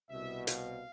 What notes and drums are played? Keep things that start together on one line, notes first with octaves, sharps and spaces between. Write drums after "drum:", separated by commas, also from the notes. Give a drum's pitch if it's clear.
C2 B2 E5
F5, drum: hi-hat